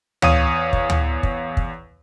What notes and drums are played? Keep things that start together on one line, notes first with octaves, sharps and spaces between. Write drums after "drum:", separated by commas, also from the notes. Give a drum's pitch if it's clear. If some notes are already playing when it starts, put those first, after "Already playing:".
E2 C#5 F5 D#6 D#7, drum: tom D2
drum: kick
drum: tom D2
drum: kick
drum: kick